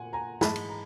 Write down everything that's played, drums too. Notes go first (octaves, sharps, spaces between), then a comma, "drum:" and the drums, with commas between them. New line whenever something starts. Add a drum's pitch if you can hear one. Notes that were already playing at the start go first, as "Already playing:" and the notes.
Already playing: A#2 F#5 G#5
G#5 A#5
G#2 E3 G#3 A5 B5, drum: snare
drum: cymbal
A#5